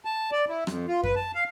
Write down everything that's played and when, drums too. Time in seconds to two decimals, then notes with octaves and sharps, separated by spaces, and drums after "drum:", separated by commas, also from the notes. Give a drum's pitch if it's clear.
0.05 A5
0.32 D5
0.49 E4
0.67 F2, drum: rim click
0.88 F4
1.03 B4, drum: kick F#2
1.16 A5
1.35 F5